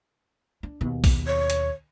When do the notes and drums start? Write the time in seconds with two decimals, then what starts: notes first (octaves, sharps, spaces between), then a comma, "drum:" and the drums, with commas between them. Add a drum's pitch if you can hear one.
0.63 D4
0.81 D#2 B2
1.04 drum: kick A#1, open hi-hat
1.27 C#5
1.50 drum: hi-hat